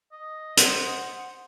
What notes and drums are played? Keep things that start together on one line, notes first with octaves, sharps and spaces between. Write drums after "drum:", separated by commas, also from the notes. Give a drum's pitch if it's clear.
D#5
C5 F#5, drum: hi-hat